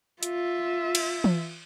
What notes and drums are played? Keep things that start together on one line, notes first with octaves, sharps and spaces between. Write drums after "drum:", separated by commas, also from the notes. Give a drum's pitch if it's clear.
F4 E5, drum: hi-hat
drum: cymbal
drum: tom E3